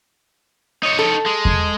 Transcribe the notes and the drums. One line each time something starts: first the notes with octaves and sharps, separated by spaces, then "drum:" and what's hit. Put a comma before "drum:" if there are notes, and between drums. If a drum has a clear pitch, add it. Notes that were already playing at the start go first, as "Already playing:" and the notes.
D#4 C#5
A4
G#3
drum: kick E2